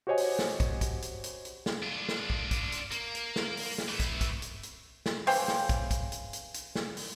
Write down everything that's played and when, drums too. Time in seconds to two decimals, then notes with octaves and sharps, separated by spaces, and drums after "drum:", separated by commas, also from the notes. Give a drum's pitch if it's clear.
0.07 F#4 G4 C5 C#5 D#5 G#5
0.18 drum: open hi-hat
0.39 drum: snare
0.60 drum: kick, hi-hat
0.81 drum: kick, hi-hat
1.02 drum: hi-hat
1.24 drum: hi-hat
1.45 drum: hi-hat
1.66 drum: snare
1.83 D4 F4
2.09 drum: snare
2.30 drum: kick
2.51 drum: kick, hi-hat
2.72 drum: hi-hat
2.91 A#3, drum: hi-hat
3.15 drum: hi-hat
3.36 drum: snare
3.57 drum: open hi-hat
3.78 drum: snare
3.89 E3 A3
4.00 drum: kick, hi-hat
4.21 drum: kick, hi-hat
4.42 drum: hi-hat
4.63 drum: hi-hat
5.06 drum: snare
5.27 C#3 E3 C5 G5, drum: open hi-hat
5.48 drum: snare
5.69 drum: kick, hi-hat
5.91 drum: kick, hi-hat
6.12 drum: hi-hat
6.33 drum: hi-hat
6.54 drum: hi-hat
6.75 drum: snare
6.97 drum: open hi-hat